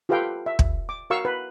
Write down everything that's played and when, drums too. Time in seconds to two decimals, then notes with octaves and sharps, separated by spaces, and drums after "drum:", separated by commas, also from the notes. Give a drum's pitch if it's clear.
0.09 F4 G4 A4 B4 F5 G5
0.46 E5
0.59 drum: kick
0.89 D6
1.10 F#4 A#4 F5 C#6 E6
1.25 B4